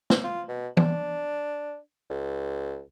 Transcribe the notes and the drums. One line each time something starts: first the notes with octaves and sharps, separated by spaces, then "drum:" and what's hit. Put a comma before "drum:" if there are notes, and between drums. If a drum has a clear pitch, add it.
drum: snare
F4
B2
D4, drum: tom E3
C#2